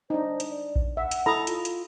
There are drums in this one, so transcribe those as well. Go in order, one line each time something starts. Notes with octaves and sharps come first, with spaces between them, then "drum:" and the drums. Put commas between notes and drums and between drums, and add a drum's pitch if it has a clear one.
D4 D#4 C5
drum: hi-hat
D5
drum: kick A#1
E5 F#5
drum: hi-hat
E4 A4 A#5 B5 D#6
F4, drum: hi-hat
drum: hi-hat